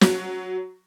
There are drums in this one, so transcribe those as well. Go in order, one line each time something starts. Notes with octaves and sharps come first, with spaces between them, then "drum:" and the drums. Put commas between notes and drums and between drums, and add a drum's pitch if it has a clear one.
F#3, drum: snare